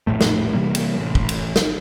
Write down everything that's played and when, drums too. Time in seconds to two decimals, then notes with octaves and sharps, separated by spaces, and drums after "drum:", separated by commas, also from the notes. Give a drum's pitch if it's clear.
0.07 F1 A#1 A2 A3
0.21 drum: snare
0.54 C3 E3 G3 A#3
0.75 drum: cymbal
0.97 A1
1.15 drum: kick
1.29 drum: cymbal
1.56 drum: snare